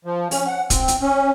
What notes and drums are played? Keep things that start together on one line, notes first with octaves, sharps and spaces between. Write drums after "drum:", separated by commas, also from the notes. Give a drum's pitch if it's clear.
F3
C#4, drum: open hi-hat
F#5
C4, drum: kick, hi-hat
drum: hi-hat
C#4